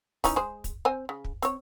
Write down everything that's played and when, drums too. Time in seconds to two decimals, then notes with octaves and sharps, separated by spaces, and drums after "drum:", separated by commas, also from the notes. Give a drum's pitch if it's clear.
0.24 E3 C#4 D#4, drum: kick, open hi-hat
0.36 G#3 G#4 C5
0.64 drum: kick, hi-hat
0.85 C4 C5 G#5
1.09 C#3
1.25 drum: kick
1.42 C4 C#5, drum: hi-hat